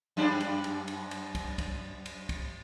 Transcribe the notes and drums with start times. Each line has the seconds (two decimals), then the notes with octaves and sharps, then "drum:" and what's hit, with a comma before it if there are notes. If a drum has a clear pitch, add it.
0.17 F#2 G3 D4
0.40 drum: cymbal
0.64 drum: cymbal
0.88 drum: cymbal
1.11 drum: cymbal
1.35 drum: kick, cymbal
1.58 drum: kick, cymbal
2.06 drum: cymbal
2.29 drum: kick, cymbal